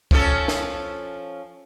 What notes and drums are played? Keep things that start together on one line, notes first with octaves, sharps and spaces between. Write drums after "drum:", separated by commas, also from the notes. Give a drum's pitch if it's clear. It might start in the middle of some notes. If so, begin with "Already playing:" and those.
F3 C#4 A4, drum: kick
drum: snare